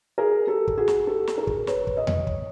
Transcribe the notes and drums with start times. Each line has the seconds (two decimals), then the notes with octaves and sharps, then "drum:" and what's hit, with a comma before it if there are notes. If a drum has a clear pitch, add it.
0.18 G#4 A#4
0.47 G4 A4
0.68 drum: kick
0.77 F#4 G#4
0.88 drum: snare
1.07 G4 A4
1.27 drum: snare
1.38 G#4 A#4
1.47 drum: kick
1.67 B4 C#5, drum: snare
1.87 drum: kick
1.97 C#5 D#5
2.07 drum: tom E2
2.27 drum: kick